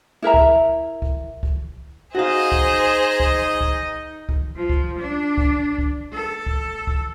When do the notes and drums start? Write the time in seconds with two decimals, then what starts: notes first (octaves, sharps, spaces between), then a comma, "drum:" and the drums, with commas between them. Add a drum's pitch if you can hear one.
0.22 E4 A#4 E5 A#5
0.34 drum: kick
1.02 drum: kick
1.43 drum: kick
2.15 D#4 F#4 G#4 C5 D#5 F5
2.52 drum: kick
3.20 drum: kick
3.61 drum: kick
4.29 drum: kick
4.56 F3
4.70 drum: kick
4.98 D4
5.38 drum: kick
5.78 drum: kick
6.13 A4
6.46 drum: kick
6.87 drum: kick